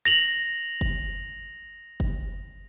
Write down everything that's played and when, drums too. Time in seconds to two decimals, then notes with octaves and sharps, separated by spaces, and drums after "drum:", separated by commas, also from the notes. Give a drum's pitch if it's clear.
0.05 A#6 F7 F#7
0.81 drum: kick F#1
2.00 drum: kick F#1